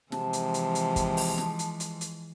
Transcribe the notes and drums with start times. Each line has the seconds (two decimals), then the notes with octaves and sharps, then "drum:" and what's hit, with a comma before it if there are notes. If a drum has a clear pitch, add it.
0.12 C3 E3 F3 G#3 A5, drum: snare
0.33 drum: hi-hat
0.54 drum: hi-hat
0.75 drum: hi-hat
0.96 drum: kick, hi-hat
1.17 drum: open hi-hat
1.38 drum: snare
1.59 drum: hi-hat
1.80 drum: hi-hat
2.01 drum: hi-hat